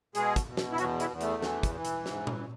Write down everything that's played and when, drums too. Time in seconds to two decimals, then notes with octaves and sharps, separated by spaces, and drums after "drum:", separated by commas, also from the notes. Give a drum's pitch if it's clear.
0.15 B2 G#3 G#4, drum: hi-hat
0.36 drum: kick, hi-hat
0.47 B2
0.57 drum: snare
0.72 E4
0.78 E2 F#3 F#4, drum: hi-hat
1.00 E3 E4, drum: hi-hat
1.10 E2
1.21 A3, drum: hi-hat
1.42 E3, drum: snare
1.63 drum: kick, hi-hat
1.74 E3
1.85 drum: hi-hat
2.06 G#2, drum: snare
2.27 drum: tom A#2